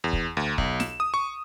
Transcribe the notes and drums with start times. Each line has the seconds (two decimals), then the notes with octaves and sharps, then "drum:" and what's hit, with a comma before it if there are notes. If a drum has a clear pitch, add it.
0.04 E2
0.13 drum: kick
0.37 D2
0.58 B1, drum: kick
0.80 E7, drum: snare
1.00 D#6
1.14 C#6